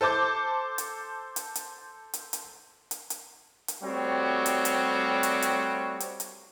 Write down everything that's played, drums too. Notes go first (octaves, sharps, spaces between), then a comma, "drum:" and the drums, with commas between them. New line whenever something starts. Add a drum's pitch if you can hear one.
A4 C5 A5 D6 G6
drum: hi-hat
drum: hi-hat
drum: hi-hat
drum: hi-hat
drum: hi-hat
drum: hi-hat
drum: hi-hat
drum: hi-hat
G3 A3 C4 F#4 C#5
drum: hi-hat
drum: hi-hat
drum: hi-hat
drum: hi-hat
drum: hi-hat
drum: hi-hat